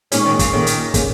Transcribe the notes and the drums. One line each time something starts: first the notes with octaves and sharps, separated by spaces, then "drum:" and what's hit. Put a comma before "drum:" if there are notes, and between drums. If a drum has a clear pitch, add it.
A#2 G#3 C#4 D#4 G#4, drum: hi-hat
D#3
C#3, drum: kick, hi-hat
A#2 D#3 A#3 C#4
drum: hi-hat
A#2 A#3 C#4 G#4, drum: kick, hi-hat